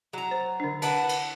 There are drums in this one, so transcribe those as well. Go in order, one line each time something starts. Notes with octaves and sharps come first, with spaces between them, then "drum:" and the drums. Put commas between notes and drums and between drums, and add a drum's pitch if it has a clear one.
F#3 A#5
C5
D3 D4
B4 F#5 A5, drum: cymbal
drum: cymbal